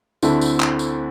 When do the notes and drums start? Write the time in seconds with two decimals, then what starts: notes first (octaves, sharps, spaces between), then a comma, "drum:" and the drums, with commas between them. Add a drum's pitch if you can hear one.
0.22 D2 D3 A3 C4 E4, drum: tambourine
0.41 drum: tambourine
0.60 drum: clap
0.79 drum: tambourine